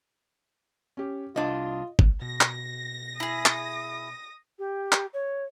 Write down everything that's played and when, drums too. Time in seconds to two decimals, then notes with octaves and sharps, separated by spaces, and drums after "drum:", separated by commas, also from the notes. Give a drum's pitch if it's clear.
0.97 C#4 G4
1.36 C2 D4 F4 D#5
1.99 drum: kick
2.22 B2 A#6
2.41 drum: clap
3.20 E4 G#4 D#6
3.46 drum: clap
4.59 G4
4.92 drum: clap
5.13 C#5